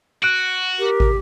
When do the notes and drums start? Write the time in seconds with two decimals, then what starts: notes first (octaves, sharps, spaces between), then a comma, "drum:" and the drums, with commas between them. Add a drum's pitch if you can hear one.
0.23 F#4 F#6 D7
0.79 G4 A#4
1.00 drum: kick